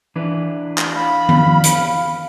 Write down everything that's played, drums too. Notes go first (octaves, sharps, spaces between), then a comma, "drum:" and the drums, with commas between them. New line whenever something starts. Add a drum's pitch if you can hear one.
E3 D4 B4
drum: clap
F5 B5
drum: tom D#3
drum: hi-hat